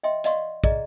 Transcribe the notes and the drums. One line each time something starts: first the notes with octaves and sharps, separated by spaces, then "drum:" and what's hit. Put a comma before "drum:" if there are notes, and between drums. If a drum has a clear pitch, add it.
D#5 E5 G5 C6
D5 D#5 F5 F#5 C6 C#6, drum: hi-hat
G#4 D5 D#5 A#5, drum: kick